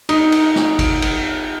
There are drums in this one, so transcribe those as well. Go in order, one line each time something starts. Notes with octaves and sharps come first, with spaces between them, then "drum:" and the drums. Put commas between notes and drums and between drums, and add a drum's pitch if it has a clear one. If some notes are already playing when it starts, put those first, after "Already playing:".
D#4, drum: cymbal
drum: cymbal
drum: snare
drum: kick, cymbal
drum: cymbal